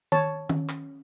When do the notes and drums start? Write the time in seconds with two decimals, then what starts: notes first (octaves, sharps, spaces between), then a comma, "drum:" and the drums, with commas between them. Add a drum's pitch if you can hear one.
0.12 C#5 A5, drum: tom D#3
0.49 C#4, drum: tom D#3
0.69 drum: clap